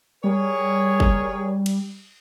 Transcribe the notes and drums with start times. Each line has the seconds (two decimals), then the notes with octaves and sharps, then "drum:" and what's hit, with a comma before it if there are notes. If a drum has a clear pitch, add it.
0.24 G3 G#4 A#4 C#5
1.00 drum: kick
1.66 drum: cymbal